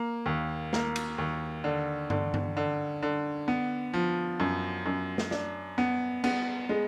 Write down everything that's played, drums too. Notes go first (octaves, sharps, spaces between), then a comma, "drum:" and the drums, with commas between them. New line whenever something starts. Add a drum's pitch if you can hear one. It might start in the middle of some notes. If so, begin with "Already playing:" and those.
Already playing: A#3
D#2
A#3, drum: snare
drum: cymbal
D#2
D3
D3, drum: tom G2
drum: tom G2
D3
D3
B3
F3
F#2
F#2
drum: snare
D4, drum: snare
B3
B3, drum: cymbal
G#3